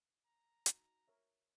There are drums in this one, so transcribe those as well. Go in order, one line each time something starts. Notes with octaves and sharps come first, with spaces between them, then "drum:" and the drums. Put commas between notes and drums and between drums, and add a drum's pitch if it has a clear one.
A#5
D#4 F#4, drum: hi-hat
A#4 C#5 E5